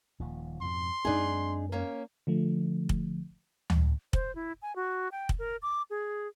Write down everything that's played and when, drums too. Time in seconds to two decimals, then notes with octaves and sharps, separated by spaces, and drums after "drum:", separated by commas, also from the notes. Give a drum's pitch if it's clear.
0.20 D#1 D#2 F3
0.62 F2 G#2 B2 C6
1.05 F#2 G#3 C4 D4 D#4 G#4
1.72 A#3 C#4 C#5
2.27 D3 F3 A3
2.89 drum: kick
3.70 drum: tom D2
4.13 C5, drum: kick
4.35 E4
4.62 G#5
4.76 F#4
5.12 G5
5.29 drum: kick
5.39 A#4
5.62 D6
5.90 G#4